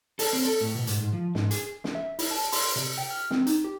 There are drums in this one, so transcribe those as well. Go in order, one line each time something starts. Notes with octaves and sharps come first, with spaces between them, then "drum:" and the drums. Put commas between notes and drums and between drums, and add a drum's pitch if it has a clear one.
A4, drum: open hi-hat
C4
A4
A2
B2
G#2, drum: hi-hat
G#2
F3
G#2, drum: snare
G#4, drum: hi-hat
drum: snare
E5
E4, drum: open hi-hat
A5
C6, drum: open hi-hat
C3
G5
F6
C4, drum: snare
D#4, drum: hi-hat
G4